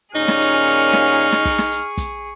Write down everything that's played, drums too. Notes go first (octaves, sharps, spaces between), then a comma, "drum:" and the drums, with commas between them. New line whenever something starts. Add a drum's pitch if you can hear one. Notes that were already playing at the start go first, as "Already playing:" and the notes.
D#2 A#2 C#4 D#4 G#4 C#6 F6, drum: hi-hat
drum: snare
drum: hi-hat
drum: hi-hat
drum: snare
drum: hi-hat
drum: snare
drum: kick, open hi-hat
drum: snare
drum: hi-hat
drum: kick, hi-hat